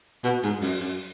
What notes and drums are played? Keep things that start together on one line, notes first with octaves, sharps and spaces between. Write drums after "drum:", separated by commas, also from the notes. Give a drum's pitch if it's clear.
B2, drum: hi-hat
G#2, drum: hi-hat
F#2, drum: open hi-hat
F#2, drum: hi-hat